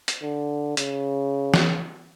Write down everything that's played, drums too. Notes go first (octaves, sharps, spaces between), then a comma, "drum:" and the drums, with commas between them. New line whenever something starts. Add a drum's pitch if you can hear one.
drum: hi-hat
D3
C#3, drum: hi-hat
drum: snare